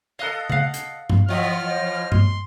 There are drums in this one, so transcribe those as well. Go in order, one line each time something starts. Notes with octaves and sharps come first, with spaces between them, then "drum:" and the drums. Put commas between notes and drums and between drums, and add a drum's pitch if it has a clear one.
A4 D#5 F5 F#6
F5 F#5, drum: tom C#3
drum: hi-hat
drum: tom G2
E3 F3 D#5 E5 F6
C5 C#5 D#5
C6, drum: tom G2